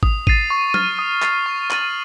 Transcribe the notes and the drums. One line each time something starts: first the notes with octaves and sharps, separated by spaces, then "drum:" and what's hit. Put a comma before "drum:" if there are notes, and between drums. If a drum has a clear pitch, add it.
D#6, drum: kick G#1
A6 C7 D#7, drum: kick G#1
C#6
F6 A6, drum: tom
D#6
A6 C7, drum: clap
C#6
A6 D#7 F#7, drum: clap